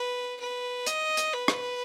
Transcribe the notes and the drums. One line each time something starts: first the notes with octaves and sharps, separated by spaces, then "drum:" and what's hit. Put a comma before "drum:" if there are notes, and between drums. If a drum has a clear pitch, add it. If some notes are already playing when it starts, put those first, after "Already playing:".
Already playing: B4
B4
D#5, drum: hi-hat
drum: hi-hat
B4
drum: rim click